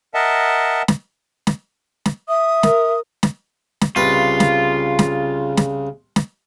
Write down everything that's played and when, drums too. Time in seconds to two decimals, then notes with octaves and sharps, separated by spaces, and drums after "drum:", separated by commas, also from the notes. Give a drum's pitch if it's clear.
0.14 A#4 D#5 E5 F#5 A5
0.88 drum: snare
1.47 drum: snare
2.05 drum: snare
2.28 E5 D#6
2.63 A#4, drum: snare
3.23 drum: snare
3.81 drum: snare
3.96 C2 C#3 F4 B4
4.40 drum: snare
4.99 drum: snare
5.57 drum: snare
6.16 drum: snare